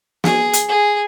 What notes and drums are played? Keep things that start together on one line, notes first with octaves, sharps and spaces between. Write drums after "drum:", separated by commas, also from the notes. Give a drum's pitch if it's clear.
G#4, drum: snare
drum: hi-hat
G#4